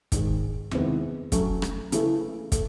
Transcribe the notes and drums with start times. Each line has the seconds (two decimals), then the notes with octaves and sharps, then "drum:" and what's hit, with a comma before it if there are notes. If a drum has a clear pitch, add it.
0.12 G#2 D#3 G#3, drum: kick, hi-hat
0.71 C3 D#3 G#3 B3 E4, drum: tom E2
1.32 F#3 A3 C#4, drum: kick, hi-hat
1.62 drum: rim click
1.92 C#3 E3 A3, drum: hi-hat
2.52 A3, drum: kick, hi-hat